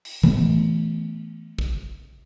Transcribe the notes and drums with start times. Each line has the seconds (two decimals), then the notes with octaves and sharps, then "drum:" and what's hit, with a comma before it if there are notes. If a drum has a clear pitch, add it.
0.05 drum: cymbal
0.23 E3 A3 B3, drum: tom A2
1.59 drum: kick